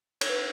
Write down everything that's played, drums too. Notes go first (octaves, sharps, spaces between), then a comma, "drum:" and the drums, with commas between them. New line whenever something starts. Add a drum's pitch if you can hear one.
C#5, drum: cymbal
B4